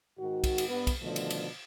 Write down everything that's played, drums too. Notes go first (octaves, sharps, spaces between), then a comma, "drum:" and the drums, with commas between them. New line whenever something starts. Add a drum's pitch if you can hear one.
G#2 D#3 F#4
drum: kick, cymbal
drum: cymbal
G2 B3
drum: kick, cymbal
B2 D3 D#3 F3 A3
drum: cymbal
drum: cymbal